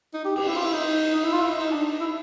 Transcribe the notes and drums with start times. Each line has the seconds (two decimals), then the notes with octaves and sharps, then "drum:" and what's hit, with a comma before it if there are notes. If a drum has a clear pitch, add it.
0.14 D#4
0.25 G4
0.36 G4, drum: cymbal
0.47 E4
0.56 F4
0.65 E4
0.73 D#4
1.15 D#4
1.24 E4
1.32 F4
1.41 E4
1.50 D#4
1.60 D#4
1.72 D4
1.92 D#4
2.00 E4